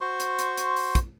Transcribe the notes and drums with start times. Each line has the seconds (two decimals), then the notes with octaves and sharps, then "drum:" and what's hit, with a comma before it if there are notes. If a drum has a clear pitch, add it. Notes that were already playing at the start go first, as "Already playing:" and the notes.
0.01 F#4 C5 C6 C#6
0.20 drum: hi-hat
0.39 drum: hi-hat
0.57 drum: hi-hat
0.76 drum: open hi-hat
0.95 drum: kick, hi-hat